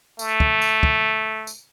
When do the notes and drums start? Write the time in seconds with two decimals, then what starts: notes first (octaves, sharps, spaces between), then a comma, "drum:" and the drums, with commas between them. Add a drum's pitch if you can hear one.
0.19 A3, drum: tambourine
0.40 drum: kick
0.62 drum: tambourine
0.83 drum: kick
1.47 drum: tambourine